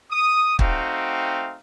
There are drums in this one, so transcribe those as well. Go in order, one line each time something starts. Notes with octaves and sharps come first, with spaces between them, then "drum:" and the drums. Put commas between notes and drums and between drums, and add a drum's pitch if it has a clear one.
D#6
A3 C4 D#4 F#4 F5 G5, drum: kick